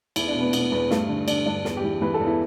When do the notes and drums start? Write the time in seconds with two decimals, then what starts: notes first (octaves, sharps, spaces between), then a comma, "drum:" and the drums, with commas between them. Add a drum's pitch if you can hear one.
0.16 E2 E4, drum: cymbal
0.28 D4
0.34 B2
0.41 B3
0.53 B2 B3, drum: cymbal
0.72 E2 B3
0.90 G2 A3, drum: snare
1.09 D3
1.28 D3 D4, drum: cymbal
1.46 G2 D4
1.65 E2, drum: snare
1.77 G4
1.84 E3
2.02 E3 B4
2.14 A4
2.20 E2
2.27 E4